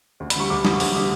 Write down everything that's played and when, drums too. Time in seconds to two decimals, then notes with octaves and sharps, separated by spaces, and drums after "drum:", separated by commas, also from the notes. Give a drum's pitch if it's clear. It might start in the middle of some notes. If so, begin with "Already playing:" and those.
0.20 D2
0.30 B5, drum: hi-hat
0.35 D3 G3 C#6
0.50 D2 D6
0.65 D3 G3 D#6, drum: snare
0.80 D2, drum: open hi-hat
0.95 D3 G3 D#6